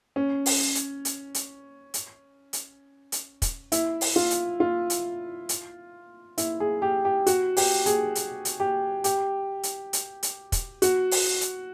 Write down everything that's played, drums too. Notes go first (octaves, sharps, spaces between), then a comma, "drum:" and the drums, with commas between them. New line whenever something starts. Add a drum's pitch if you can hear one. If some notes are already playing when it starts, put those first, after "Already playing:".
C#4
drum: open hi-hat
drum: hi-hat
drum: hi-hat
drum: hi-hat
drum: hi-hat
drum: hi-hat
drum: hi-hat
drum: kick, hi-hat
E4, drum: hi-hat
drum: open hi-hat
F4
drum: hi-hat
F4
drum: hi-hat
drum: hi-hat
E4, drum: hi-hat
G#4
G4
G4
F#4, drum: hi-hat
G4, drum: open hi-hat
G#4, drum: hi-hat
drum: hi-hat
drum: hi-hat
G4
G4, drum: hi-hat
drum: hi-hat
drum: hi-hat
drum: hi-hat
drum: kick, hi-hat
F#4, drum: hi-hat
drum: open hi-hat
drum: hi-hat